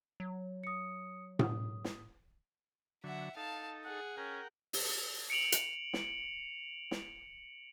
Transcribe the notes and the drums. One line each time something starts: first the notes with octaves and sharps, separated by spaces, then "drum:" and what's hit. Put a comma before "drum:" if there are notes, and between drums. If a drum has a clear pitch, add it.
F#3
D#6 C#7
D#6, drum: tom A2
drum: snare
D3 F#3 E5 F#5
D#4 A4 F5 A5
G#4 F#5
C#4 A#4 F#5 G5
drum: open hi-hat
C#7 D7 F7 F#7
drum: hi-hat
drum: snare
drum: snare